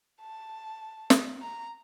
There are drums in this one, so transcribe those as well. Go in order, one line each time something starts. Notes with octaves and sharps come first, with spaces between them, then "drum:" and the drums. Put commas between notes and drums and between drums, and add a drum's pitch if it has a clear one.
A5
drum: snare
A#5